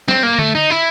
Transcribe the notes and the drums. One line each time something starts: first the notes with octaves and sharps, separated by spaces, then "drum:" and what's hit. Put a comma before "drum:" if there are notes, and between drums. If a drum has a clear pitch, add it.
C4, drum: snare
A#3
A3, drum: tom D3
D#4
E4